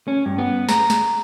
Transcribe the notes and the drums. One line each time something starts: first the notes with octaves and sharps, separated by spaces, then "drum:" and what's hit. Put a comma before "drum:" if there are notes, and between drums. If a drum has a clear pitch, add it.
C#4
G2
B3
A#5, drum: snare
drum: snare